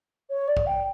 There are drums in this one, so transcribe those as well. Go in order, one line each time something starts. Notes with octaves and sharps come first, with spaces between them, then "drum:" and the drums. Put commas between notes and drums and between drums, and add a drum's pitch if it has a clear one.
C#5
D5
drum: kick A1
G5